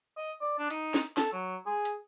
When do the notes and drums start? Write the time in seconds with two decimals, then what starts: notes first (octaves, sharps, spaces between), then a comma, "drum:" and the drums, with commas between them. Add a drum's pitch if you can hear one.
0.17 D#5
0.41 D5
0.59 D4
0.70 D#4, drum: hi-hat
0.94 drum: snare
1.17 A4, drum: snare
1.32 F#3
1.66 G#4
1.85 drum: hi-hat